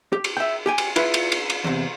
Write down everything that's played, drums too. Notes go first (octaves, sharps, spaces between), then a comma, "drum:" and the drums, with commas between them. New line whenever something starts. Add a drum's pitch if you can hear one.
G4
drum: cymbal
E5 G5
G4 G5 G#5
drum: cymbal
E4 F4 B4 E5, drum: cymbal
drum: cymbal
drum: cymbal
drum: cymbal
E2 C3